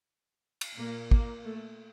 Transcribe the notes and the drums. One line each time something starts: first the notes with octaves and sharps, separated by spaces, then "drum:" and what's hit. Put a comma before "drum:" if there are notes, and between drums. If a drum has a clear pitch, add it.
drum: cymbal
A#2 A#3
A#3, drum: kick
A3